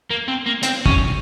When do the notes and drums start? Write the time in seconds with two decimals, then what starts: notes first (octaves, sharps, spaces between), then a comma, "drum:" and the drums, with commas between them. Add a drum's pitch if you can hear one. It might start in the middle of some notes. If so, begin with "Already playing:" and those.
0.10 A#3
0.28 C4
0.46 A#3
0.63 C4, drum: hi-hat
0.86 C#4, drum: kick